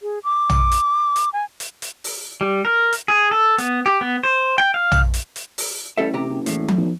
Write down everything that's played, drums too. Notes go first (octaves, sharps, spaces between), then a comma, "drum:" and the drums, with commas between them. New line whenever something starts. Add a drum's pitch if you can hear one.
G#4
D6
drum: tom
drum: hi-hat
drum: hi-hat
G#5
drum: hi-hat
drum: hi-hat
drum: open hi-hat
G3
A#4
drum: hi-hat
G#4
A4
B3, drum: hi-hat
G4
B3
C5
G5
F5
drum: tom
drum: hi-hat
drum: hi-hat
drum: open hi-hat
A1 G3 A4 E5
C3 G4 A#5
F#1
E2 A2, drum: hi-hat
drum: tom F3
B1